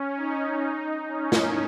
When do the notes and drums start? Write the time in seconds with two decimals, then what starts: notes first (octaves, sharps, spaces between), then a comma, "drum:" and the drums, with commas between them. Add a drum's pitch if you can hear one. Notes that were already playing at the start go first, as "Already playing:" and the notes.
Already playing: C#4
0.17 D#4
1.09 C#4
1.32 drum: snare